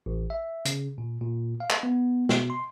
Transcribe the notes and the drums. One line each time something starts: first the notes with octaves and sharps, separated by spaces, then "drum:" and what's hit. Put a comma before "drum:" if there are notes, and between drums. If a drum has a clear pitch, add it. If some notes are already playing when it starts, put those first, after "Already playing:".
A1
E5
C#3, drum: hi-hat
A#2
A#2
F5
drum: clap
B3
B2, drum: snare
C6